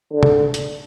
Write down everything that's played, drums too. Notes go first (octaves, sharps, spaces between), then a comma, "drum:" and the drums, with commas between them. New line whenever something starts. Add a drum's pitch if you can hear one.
D3
drum: tom
drum: hi-hat